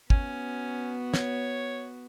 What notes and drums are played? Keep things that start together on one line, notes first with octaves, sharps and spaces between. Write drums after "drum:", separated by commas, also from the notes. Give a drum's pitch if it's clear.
B3 C#4 F#4, drum: kick
C#5, drum: snare